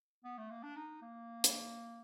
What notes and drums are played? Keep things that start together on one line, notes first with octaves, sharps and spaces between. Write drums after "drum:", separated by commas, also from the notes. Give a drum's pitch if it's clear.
B3
A3
A#3
D4
D#4
A#3
drum: hi-hat